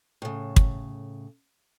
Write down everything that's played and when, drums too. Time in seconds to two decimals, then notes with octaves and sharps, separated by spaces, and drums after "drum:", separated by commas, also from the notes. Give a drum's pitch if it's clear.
0.22 A2 C#3
0.56 drum: kick